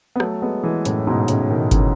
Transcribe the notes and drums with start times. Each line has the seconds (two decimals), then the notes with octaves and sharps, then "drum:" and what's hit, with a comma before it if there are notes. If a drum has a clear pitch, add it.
0.16 B3
0.20 F#3 A3, drum: rim click
0.42 G#3 B3
0.63 E3 G#3
0.85 F#2 A2, drum: hi-hat
1.07 G#2 B2
1.28 A2 C#3, drum: hi-hat
1.50 B2 D#3
1.71 C#3 E3, drum: kick G1, hi-hat